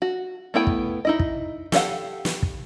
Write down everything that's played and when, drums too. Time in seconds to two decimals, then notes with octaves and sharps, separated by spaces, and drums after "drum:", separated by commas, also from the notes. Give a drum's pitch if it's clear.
0.02 F#4
0.54 A3 B3 E4 G5
0.67 drum: kick
1.05 D#4 E4 D#5
1.19 drum: kick
1.72 G4 A4 D#5 F5 F#5, drum: snare
2.25 drum: snare
2.42 drum: kick